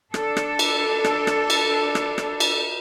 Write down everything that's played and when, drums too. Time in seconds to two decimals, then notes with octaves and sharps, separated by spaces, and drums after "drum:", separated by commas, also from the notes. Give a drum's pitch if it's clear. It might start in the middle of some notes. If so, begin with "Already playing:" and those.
0.14 D4 A4, drum: rim click
0.37 drum: rim click
0.59 drum: cymbal
1.05 drum: rim click
1.27 drum: rim click
1.50 drum: cymbal
1.95 drum: rim click
2.18 drum: rim click
2.40 drum: cymbal